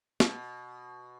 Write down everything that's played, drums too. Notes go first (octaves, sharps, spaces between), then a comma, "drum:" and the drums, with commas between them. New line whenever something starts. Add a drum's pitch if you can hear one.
B2, drum: snare